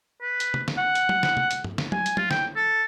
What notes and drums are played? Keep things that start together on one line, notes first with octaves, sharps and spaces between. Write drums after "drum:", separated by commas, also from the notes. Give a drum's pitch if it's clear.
B4
drum: hi-hat
drum: tom
drum: snare
F#5
drum: hi-hat
drum: tom F#3
drum: snare
drum: tom
drum: hi-hat
drum: tom
drum: snare
G#5, drum: tom F#3
drum: hi-hat
F4, drum: tom F#3
G5, drum: snare
A4